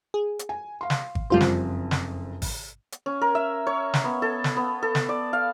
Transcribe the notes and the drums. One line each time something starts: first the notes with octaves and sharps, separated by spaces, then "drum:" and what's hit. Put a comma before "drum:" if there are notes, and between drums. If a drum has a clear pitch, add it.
G#4
drum: hi-hat
G#5
F5 C6
drum: snare
drum: kick G#1
F#1 F2 G3 F4 C5
drum: snare
drum: snare
drum: kick G#1, open hi-hat
drum: hi-hat
C#4
A#4
E5
C#5
drum: snare
B3
A4
drum: snare
B3
A4
drum: snare
D5
F5